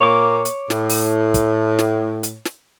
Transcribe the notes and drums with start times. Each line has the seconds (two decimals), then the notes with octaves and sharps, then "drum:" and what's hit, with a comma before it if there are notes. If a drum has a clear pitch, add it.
0.01 A#2 A#3 C#5 D6
0.45 drum: hi-hat
0.70 A2, drum: snare
0.90 drum: open hi-hat
1.34 drum: kick, hi-hat
1.79 drum: snare
2.23 drum: hi-hat
2.45 drum: snare